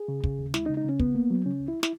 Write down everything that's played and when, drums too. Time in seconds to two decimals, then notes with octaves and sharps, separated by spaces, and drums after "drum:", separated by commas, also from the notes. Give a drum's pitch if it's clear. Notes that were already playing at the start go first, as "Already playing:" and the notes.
Already playing: G#4
0.08 C#3
0.24 C#3, drum: kick
0.39 D#2
0.54 G#3 E4, drum: snare
0.66 D#4
0.69 C#3
0.77 D#4
0.84 C#3 C#4
0.99 C#2 B3, drum: kick
1.15 A#3
1.30 F#3
1.46 C#3 C#4
1.61 C#2
1.68 E4
1.83 E4, drum: snare